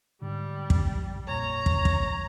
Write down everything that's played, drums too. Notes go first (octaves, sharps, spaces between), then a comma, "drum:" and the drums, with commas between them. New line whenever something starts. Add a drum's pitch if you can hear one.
G#2 D3 G3
drum: kick
A#1 F2 A#2 C#5 A#5
drum: kick
drum: kick